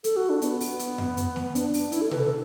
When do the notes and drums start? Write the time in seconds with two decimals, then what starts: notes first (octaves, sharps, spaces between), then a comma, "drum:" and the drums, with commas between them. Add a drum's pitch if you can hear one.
0.04 A4, drum: hi-hat
0.16 F#4
0.29 D4
0.42 B3, drum: hi-hat
0.60 drum: open hi-hat
0.79 drum: hi-hat
0.98 drum: tom F2
1.17 drum: hi-hat
1.36 drum: snare
1.55 D4, drum: hi-hat
1.74 drum: open hi-hat
1.92 E4, drum: hi-hat
2.01 A4
2.11 B4, drum: tom B2
2.20 A4